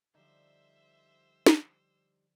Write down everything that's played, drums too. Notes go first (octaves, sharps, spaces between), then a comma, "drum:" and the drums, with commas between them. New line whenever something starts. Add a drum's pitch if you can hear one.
D3 F3 G3 D#4 C5 E5 E6
drum: snare